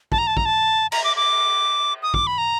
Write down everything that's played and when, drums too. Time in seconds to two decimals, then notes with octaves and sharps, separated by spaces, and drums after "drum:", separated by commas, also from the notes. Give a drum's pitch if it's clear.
0.12 A5, drum: kick
0.18 A#5
0.27 A5
0.37 A#5, drum: kick
0.45 A5
0.92 A#5, drum: cymbal
1.04 D6
1.16 D6
2.02 D#6
2.14 D6, drum: kick
2.27 B5
2.38 A#5